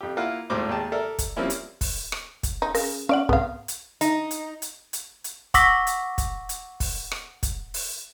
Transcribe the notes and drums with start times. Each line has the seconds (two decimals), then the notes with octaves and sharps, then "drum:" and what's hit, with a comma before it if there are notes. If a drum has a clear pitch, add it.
0.01 F2 G4
0.17 A#3 E4 F4 F5 F#5 A#5
0.50 G#1 D#2 A2 C5 D6
0.69 D#2 G#3 G5 A5
0.92 A4 A#4 D5 E5
1.19 drum: kick, hi-hat
1.36 F3 G3 A#3 C4 C#4 E4
1.50 drum: hi-hat
1.81 drum: kick, open hi-hat
2.12 drum: rim click
2.43 drum: kick, hi-hat
2.62 D#4
2.75 C#3 A#4, drum: open hi-hat
3.09 C#4 D5 F5 F#5
3.29 C2 G#2 B3 F5
3.68 drum: hi-hat
4.01 D#4, drum: hi-hat
4.31 drum: hi-hat
4.62 drum: hi-hat
4.93 drum: hi-hat
5.24 drum: hi-hat
5.54 F#5 C#6 D6 E6 A#6 B6, drum: kick, hi-hat
5.87 drum: hi-hat
6.18 drum: kick, hi-hat
6.49 drum: hi-hat
6.80 drum: kick, open hi-hat
7.12 drum: rim click
7.43 drum: kick, hi-hat
7.74 drum: open hi-hat